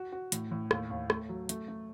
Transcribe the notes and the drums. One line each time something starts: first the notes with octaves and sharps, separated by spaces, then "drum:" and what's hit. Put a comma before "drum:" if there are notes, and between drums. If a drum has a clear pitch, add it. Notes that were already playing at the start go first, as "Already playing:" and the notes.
Already playing: F#4
F#4
A2, drum: hi-hat
A2
D#2, drum: rim click
D#2
A3, drum: rim click
F#3
A3, drum: hi-hat
A3